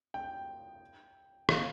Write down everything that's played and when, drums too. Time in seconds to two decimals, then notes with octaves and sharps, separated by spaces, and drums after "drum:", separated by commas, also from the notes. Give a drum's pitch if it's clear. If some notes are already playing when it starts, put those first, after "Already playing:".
0.14 G5
1.49 F5, drum: rim click